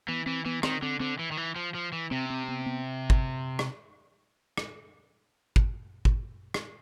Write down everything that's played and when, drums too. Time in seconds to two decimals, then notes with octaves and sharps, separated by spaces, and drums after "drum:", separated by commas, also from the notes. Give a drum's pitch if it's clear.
0.08 E3 B3
0.26 E3 C4
0.45 E3 B3
0.63 D#3 C4, drum: rim click
0.82 D3 C4
1.00 D3 C4
1.19 E3
1.32 D#3
1.37 E3
1.56 F3
1.75 F3
1.93 E3
2.11 C3 C4
2.30 C4
2.48 B3
2.66 B3
3.10 drum: kick
3.59 drum: rim click
4.58 drum: rim click
5.56 drum: kick
6.05 drum: kick
6.54 drum: rim click